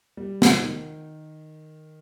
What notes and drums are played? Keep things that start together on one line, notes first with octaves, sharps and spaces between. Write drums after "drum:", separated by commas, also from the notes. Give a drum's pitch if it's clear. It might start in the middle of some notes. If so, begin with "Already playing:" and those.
G3
drum: snare
D#3